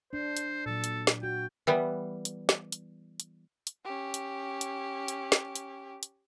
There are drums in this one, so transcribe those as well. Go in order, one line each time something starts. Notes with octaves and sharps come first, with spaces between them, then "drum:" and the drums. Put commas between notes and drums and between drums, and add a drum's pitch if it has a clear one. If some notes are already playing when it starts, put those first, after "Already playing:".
D4 C5
drum: hi-hat
A#2 F#3 A4
drum: hi-hat
drum: snare
F#4 G5
E3 G3 B3
drum: hi-hat
drum: snare
drum: hi-hat
drum: hi-hat
drum: hi-hat
C#4 G4
drum: hi-hat
drum: hi-hat
drum: hi-hat
drum: snare
drum: hi-hat
drum: hi-hat